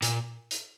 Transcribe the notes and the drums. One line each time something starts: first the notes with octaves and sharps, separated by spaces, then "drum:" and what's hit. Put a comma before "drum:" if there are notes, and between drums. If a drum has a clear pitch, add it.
A#2, drum: hi-hat
drum: hi-hat